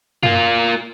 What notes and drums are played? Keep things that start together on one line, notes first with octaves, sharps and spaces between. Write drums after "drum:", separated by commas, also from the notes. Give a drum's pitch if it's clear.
A#3 F4, drum: tom